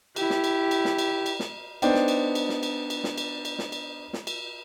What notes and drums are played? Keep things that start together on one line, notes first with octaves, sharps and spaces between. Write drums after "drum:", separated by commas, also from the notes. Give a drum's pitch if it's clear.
E4 G4, drum: cymbal
drum: snare
drum: cymbal
drum: cymbal
drum: snare
drum: cymbal
drum: cymbal
drum: snare
B3 D4 D#4 C5 D5 G5, drum: cymbal
drum: snare
drum: cymbal
drum: cymbal
drum: snare
drum: cymbal
drum: cymbal
drum: snare
drum: cymbal
drum: cymbal
drum: snare
drum: cymbal
drum: snare
drum: cymbal